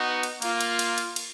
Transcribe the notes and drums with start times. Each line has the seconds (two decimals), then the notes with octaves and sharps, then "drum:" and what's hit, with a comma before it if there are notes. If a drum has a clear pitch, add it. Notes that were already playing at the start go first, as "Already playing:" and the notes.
Already playing: B3 D#4 F#4
0.23 drum: cymbal
0.42 A#3 F4, drum: cymbal
0.61 drum: cymbal
0.79 drum: cymbal
0.98 drum: cymbal
1.16 drum: cymbal